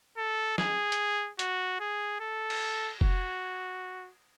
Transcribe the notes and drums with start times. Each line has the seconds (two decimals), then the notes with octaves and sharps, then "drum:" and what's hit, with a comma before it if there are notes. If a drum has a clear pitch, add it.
0.17 A4
0.58 G#4, drum: snare
0.92 drum: hi-hat
1.39 F#4, drum: hi-hat
1.80 G#4
2.20 A4
2.50 drum: cymbal
3.01 F#4, drum: kick F1